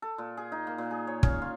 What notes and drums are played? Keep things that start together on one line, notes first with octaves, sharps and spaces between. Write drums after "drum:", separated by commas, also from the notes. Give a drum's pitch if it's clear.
A4
A#2
G#4
D#4
A#3
A#2
G#4
C#5
C#4, drum: kick
F4